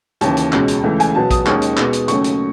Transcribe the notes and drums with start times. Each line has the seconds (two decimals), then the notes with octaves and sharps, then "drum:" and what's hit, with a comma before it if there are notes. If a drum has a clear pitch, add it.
0.21 D#2 C#3 E3 A5, drum: hi-hat
0.37 drum: hi-hat
0.52 C#2 B2 G#3 C#4, drum: clap
0.68 drum: hi-hat
0.84 C#2 C#3 E3 A3
1.00 G#5, drum: hi-hat
1.15 B2 F#3 B3 A5
1.31 D#6, drum: kick A#1, hi-hat
1.46 D#2 D#3 G#3 C#4 C#6, drum: clap
1.62 drum: hi-hat
1.77 B2 G#3 B3, drum: clap
1.93 drum: hi-hat
2.08 D#2 C#3 F#3 A3 C#4 C#6, drum: hi-hat
2.24 drum: hi-hat